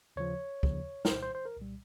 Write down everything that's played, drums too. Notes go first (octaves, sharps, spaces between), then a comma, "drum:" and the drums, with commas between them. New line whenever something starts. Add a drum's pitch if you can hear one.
D#2 C#3 F3 C#5
D#2 C#3 F3, drum: kick
A#4, drum: snare
C2 A#2 G3 C5
C5
C5
A#4
C2 A#2 G3